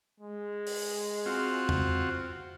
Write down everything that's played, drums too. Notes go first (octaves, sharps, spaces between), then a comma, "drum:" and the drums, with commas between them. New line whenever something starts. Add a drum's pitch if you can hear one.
G#3
drum: open hi-hat
C4 F4 F#4
drum: tom E2